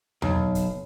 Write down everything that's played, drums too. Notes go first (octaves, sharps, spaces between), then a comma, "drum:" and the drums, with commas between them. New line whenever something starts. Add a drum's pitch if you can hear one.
B1, drum: tom E2
drum: kick, hi-hat